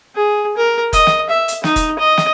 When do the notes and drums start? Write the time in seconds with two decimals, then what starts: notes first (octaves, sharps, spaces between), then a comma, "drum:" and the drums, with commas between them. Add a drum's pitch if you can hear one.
0.16 G#4
0.57 A#4
0.93 D#5, drum: kick, hi-hat
1.07 drum: snare
1.29 E5
1.48 drum: hi-hat
1.64 D#4, drum: snare
1.76 drum: kick, hi-hat
1.99 D#5
2.18 drum: snare